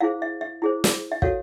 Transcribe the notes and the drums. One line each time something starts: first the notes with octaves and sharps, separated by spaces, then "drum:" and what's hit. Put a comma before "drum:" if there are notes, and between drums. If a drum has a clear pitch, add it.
E4 G#4 C5 F5
E5
E5
E4 G#4 C5
drum: snare
E5
F#4 A4 C#5 F5, drum: kick